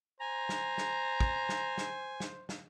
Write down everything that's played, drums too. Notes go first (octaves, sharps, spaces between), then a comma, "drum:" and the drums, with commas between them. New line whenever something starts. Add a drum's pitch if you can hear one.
C5 G#5 A#5
drum: snare
drum: snare
drum: kick
drum: snare
drum: snare
drum: snare
drum: snare